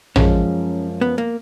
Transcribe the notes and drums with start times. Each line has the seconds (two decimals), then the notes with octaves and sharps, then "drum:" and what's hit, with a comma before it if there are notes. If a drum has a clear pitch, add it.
0.16 F#2 F3 G#3 C#4, drum: tom
1.01 B3
1.18 A#3